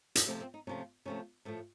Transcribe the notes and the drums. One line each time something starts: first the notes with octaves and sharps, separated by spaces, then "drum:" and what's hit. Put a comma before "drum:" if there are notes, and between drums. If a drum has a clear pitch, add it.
drum: hi-hat
C3 F3 A3 C4
C4
D#4
C3 F3 A3 C#4
C3 F3 A3 C#4
A2 F3 A3